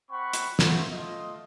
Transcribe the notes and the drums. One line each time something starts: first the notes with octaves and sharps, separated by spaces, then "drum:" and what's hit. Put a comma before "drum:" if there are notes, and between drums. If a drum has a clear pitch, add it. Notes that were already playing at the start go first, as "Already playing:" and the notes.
C4 F#5 B5 C#6
drum: hi-hat
A3 F4 F#4 C5 F#5, drum: snare
A3 F4 D#5